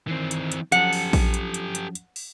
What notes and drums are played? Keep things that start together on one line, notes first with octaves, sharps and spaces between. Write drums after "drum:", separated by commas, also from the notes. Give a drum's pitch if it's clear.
D#3 E3 C4 C7
drum: hi-hat
drum: hi-hat
F3 F#3 C#4 G4 A4 F#5 C#7, drum: hi-hat
drum: open hi-hat
drum: kick A#1, open hi-hat
drum: hi-hat
drum: hi-hat
drum: hi-hat
drum: hi-hat
drum: open hi-hat